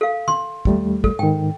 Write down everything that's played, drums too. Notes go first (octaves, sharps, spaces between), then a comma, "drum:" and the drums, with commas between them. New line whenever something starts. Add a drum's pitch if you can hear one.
A4 F5
C6, drum: tom D#3
D#2 G3 A3, drum: kick
A4, drum: kick
G#2 D#3 G5